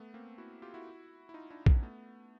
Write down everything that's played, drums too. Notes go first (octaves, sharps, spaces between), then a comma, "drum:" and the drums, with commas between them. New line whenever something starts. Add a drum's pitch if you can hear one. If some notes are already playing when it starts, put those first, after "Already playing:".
Already playing: A3 B3
A#3 C4
E4 F#4
F4 G4
E4 F#4
E4
D#4 F4
D4 E4
B3 C#4, drum: kick A#1
A3 B3